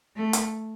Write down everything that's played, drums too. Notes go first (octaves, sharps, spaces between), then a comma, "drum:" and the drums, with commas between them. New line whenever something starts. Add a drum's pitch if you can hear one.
A3
drum: hi-hat